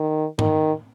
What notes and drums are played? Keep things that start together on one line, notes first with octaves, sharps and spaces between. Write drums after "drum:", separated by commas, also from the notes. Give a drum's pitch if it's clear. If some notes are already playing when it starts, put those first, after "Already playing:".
Already playing: D#3
D#3, drum: tom G#2